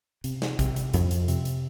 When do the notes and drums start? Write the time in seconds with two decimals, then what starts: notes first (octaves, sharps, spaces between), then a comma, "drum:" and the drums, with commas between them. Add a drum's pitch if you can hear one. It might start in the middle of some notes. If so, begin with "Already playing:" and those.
0.24 C3, drum: hi-hat
0.42 drum: snare
0.59 C3, drum: kick, hi-hat
0.76 drum: hi-hat
0.94 F2, drum: hi-hat
1.11 drum: hi-hat
1.28 C3, drum: hi-hat
1.45 drum: hi-hat